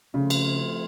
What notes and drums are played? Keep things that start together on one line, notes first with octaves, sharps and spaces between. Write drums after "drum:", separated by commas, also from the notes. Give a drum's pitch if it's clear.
C#3 F3 A3 C4 F4
drum: cymbal